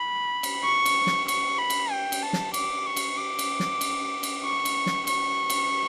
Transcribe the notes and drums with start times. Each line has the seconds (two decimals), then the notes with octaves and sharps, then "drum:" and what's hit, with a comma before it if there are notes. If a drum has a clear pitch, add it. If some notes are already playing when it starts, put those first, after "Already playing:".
Already playing: B5
0.43 drum: cymbal
0.64 C#6
0.86 drum: cymbal
1.07 drum: snare
1.28 C#6, drum: cymbal
1.59 B5
1.70 drum: cymbal
1.91 G5
2.12 drum: cymbal
2.23 A5
2.33 drum: snare
2.54 D6, drum: cymbal
2.87 C#6
2.96 drum: cymbal
3.17 D6
3.39 drum: cymbal
3.60 drum: snare
3.81 drum: cymbal
4.23 drum: cymbal
4.44 C#6
4.65 drum: cymbal
4.86 drum: snare
5.07 C#6, drum: cymbal
5.50 drum: cymbal